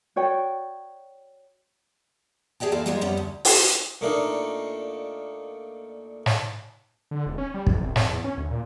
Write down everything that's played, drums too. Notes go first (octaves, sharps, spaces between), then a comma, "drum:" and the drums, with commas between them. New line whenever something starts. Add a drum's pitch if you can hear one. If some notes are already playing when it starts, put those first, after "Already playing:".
F#4 C#5 D5 G5
G4 G#4 D#5 G5 A5
E3 A#3 F4 A4 D5
D#3 F3 G3 G#3 A#3 F4
F#2 F3 G3 B3 C#4
D2
drum: open hi-hat
A#2 A3 A#3 D4 D#4
drum: snare
D3
E1
C#4
G3
B1, drum: kick
C2
F2, drum: snare
E2
C#4
D2
A#2